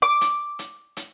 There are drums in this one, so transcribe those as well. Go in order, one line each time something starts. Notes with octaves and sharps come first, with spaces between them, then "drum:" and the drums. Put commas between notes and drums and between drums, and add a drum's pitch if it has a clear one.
D6
drum: hi-hat
drum: hi-hat
drum: hi-hat